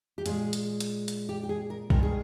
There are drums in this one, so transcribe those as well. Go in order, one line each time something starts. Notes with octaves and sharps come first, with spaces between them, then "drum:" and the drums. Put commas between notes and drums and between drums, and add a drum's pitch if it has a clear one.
G4
A#2 G#3 G#4, drum: hi-hat
drum: hi-hat
drum: hi-hat
drum: hi-hat
G4
G4
G#4
A#4
G2 D#3 G#3 A#4, drum: kick A#1
G#4